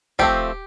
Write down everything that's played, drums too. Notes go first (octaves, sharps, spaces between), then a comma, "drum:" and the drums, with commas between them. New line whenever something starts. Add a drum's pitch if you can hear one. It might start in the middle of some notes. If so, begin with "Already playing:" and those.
F3 A3 C4 G4, drum: kick